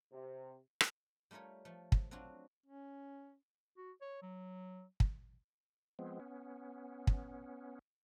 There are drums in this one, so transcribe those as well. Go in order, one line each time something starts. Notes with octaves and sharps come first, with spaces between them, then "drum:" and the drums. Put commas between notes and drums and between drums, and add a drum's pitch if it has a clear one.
C3
drum: rim click
G3 A3 F4 A#4 C#5
F3 A3
drum: kick
F#3 C4 D4 F4 F#4
C#4
F#4
C#5
F#3
drum: kick
F3 G#3 B3 C4
B3 C#4
drum: kick